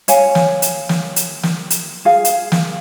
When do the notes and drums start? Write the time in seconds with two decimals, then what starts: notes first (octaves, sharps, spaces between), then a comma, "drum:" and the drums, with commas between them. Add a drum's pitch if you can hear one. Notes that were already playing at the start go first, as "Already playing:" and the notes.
0.08 C#5 F5 G#5, drum: hi-hat
0.35 drum: snare
0.62 drum: hi-hat
0.89 drum: snare
1.16 drum: hi-hat
1.43 drum: snare
1.70 drum: hi-hat
2.05 G#4 F5
2.25 drum: hi-hat
2.52 drum: snare